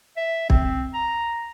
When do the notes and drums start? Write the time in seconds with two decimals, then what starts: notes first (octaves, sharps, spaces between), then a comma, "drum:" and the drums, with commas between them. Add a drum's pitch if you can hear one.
0.17 E5
0.50 C4, drum: kick
0.94 A#5